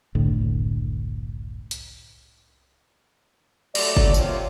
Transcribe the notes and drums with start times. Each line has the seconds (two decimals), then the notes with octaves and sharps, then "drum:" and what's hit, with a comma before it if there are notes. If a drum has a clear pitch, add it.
0.15 F#1 C2 A2 D3
1.71 drum: hi-hat
3.75 F#3 A3 G4 D5, drum: cymbal
3.97 drum: kick G1
4.14 D#2 C3 F4 C#5, drum: tambourine